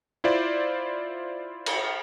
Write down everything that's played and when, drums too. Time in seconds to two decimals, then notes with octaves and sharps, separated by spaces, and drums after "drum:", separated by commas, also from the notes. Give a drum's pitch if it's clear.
0.24 E4 F4 C5 D5
1.66 drum: cymbal